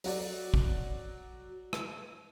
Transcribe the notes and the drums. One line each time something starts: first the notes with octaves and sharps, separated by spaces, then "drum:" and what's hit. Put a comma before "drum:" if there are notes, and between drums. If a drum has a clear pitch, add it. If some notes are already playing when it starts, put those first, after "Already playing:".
F#3 F#4 D5, drum: open hi-hat
drum: kick
drum: rim click